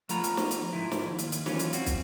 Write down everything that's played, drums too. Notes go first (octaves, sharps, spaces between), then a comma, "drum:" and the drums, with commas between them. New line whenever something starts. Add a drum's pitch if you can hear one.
F3 A3 B3 F4 A#5 B5, drum: hi-hat
drum: hi-hat
drum: snare
drum: hi-hat
G#2 F3 E4
drum: snare
D#2
drum: hi-hat
drum: hi-hat
E3 F#3 C#4 F4, drum: snare
drum: hi-hat
C4 F#4, drum: hi-hat
drum: kick, hi-hat